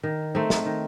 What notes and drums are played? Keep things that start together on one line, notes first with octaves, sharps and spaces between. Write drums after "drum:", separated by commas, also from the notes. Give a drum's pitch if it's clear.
D#3
A3 C4 D#4
drum: snare
D#3